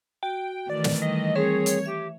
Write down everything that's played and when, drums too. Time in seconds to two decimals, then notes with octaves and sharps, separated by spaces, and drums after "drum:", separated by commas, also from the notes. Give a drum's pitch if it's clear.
0.23 F#4 G5
0.70 D#3 E3 A3 D5
0.84 drum: snare
1.02 G3 D#5
1.36 G3 C4 G#4 A#4 C#5
1.66 drum: hi-hat
1.86 G4 E5